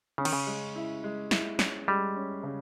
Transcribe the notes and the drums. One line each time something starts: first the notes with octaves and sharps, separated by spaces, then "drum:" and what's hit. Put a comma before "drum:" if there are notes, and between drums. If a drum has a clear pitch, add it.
C#3 C#4
D#3, drum: cymbal
C#3
G#3
E4
G#3
E4, drum: snare
C#4, drum: snare
G3 G#3
C#4
C#3